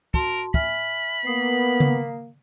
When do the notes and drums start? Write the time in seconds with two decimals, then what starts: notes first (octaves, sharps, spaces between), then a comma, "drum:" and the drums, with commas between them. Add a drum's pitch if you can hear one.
0.14 F#4 A#4 A5 C6, drum: kick
0.54 E5 G#5 B5 F6, drum: kick
1.26 A#3 B3 D#6 C7
1.80 drum: tom C#3